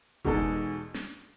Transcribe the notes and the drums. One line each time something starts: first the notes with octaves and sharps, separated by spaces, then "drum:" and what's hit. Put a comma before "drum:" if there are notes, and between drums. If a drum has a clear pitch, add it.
E2 B2 G#3 D#4 A4, drum: kick F1
drum: snare